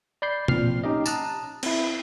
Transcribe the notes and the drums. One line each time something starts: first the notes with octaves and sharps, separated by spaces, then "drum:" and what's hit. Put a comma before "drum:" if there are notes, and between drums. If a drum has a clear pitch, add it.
D5 B5 G6 C7
A#2 F3 C4 F6 C7, drum: tom
C#4 D#4 G4 D#5
A5 A#5 D#6 F#6, drum: tambourine
C4 E4, drum: cymbal